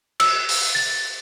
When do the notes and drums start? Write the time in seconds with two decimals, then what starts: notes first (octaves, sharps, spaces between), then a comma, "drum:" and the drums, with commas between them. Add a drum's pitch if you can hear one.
0.20 E6, drum: cymbal
0.49 drum: open hi-hat
0.75 A6